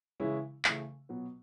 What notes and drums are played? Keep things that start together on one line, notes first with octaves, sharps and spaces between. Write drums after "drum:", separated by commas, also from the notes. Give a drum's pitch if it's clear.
C#3 E3 G#3 C#4 E4
C#3 E3 A3, drum: clap
B2 F#3 B3